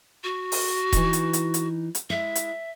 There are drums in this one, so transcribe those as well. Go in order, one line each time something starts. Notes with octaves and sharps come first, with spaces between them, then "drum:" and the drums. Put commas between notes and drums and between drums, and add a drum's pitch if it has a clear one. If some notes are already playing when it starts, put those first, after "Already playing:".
F#4
drum: open hi-hat
E3 D#4, drum: kick D#1, hi-hat
drum: hi-hat
drum: hi-hat
drum: hi-hat
drum: hi-hat
G#3 E4 E5
drum: hi-hat